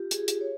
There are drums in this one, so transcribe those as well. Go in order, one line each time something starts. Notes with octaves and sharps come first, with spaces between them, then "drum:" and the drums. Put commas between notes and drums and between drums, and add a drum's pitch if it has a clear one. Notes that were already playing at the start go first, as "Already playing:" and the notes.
Already playing: F4 G4
G#4, drum: hi-hat
drum: hi-hat
C#5